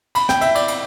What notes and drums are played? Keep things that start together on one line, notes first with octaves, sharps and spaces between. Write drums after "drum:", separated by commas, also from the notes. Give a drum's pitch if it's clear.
B5, drum: cymbal
G5, drum: snare
E5, drum: cymbal
D5, drum: cymbal
drum: cymbal